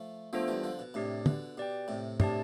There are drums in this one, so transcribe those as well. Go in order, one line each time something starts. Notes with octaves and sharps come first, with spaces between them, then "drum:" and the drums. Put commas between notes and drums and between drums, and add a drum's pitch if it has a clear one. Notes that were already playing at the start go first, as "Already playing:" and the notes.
Already playing: F3 A3
F3 A3 B3 D4 F4 A4 C5
E3 G3
D3 F3
B2
A2 C3 D4 G4 D5
B2 D3, drum: tom
B2 G4 D5 G5
A2 C3
A2 C3 D4 G4 D5 A5, drum: tom